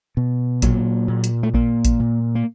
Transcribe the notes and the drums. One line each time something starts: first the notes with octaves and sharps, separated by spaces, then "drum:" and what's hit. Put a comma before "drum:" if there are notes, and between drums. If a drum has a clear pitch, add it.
B2
A#2 F#3, drum: kick A1, hi-hat
A#2
drum: hi-hat
A3
A#2 A#3, drum: kick A1
drum: kick A1, hi-hat
A#2
A#3